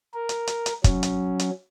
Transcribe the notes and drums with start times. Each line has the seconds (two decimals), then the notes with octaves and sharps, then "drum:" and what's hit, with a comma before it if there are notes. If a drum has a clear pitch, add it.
0.14 A#4
0.29 drum: hi-hat
0.47 drum: hi-hat
0.66 drum: hi-hat
0.84 F#3 C#4, drum: kick, hi-hat
1.03 drum: hi-hat
1.39 drum: hi-hat